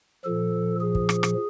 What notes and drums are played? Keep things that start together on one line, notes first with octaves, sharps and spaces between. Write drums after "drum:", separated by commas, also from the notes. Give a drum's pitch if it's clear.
A#2 F3 A4
G#4
drum: kick
drum: rim click
drum: rim click